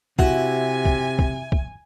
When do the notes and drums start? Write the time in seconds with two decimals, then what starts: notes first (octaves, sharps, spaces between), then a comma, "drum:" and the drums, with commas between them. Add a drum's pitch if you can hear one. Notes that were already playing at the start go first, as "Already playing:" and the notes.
0.19 C3 E4 F#4 G#5, drum: kick
0.85 drum: kick
1.19 drum: kick
1.52 drum: kick